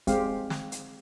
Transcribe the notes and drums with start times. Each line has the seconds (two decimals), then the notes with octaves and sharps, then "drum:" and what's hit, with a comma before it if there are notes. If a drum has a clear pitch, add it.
0.07 G#3 C4 G4 F5, drum: kick, hi-hat
0.50 drum: snare
0.72 drum: hi-hat